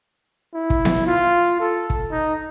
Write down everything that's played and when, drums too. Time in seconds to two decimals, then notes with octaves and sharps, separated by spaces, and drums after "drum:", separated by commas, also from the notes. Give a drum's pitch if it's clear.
0.54 E4
0.70 drum: kick
0.85 drum: snare B3
1.06 F4
1.60 A4
1.90 drum: kick
2.11 D#4